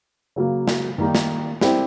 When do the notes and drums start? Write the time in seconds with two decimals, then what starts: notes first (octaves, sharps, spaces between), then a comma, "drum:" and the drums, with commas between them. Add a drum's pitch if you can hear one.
0.36 C#3 F#3 A#3
0.68 drum: snare
0.98 D#3 G3 A#3 D#4 G4
1.15 drum: snare
1.61 G3 C4 E4 G4, drum: snare